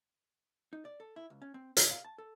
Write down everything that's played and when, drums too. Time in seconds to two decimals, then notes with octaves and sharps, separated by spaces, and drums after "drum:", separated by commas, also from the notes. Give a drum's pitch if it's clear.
0.73 D#4
0.85 D5
1.00 A4
1.16 E4
1.30 C#2
1.42 C#4
1.54 C4
1.77 D3, drum: hi-hat
1.91 F5
2.05 A5
2.18 A4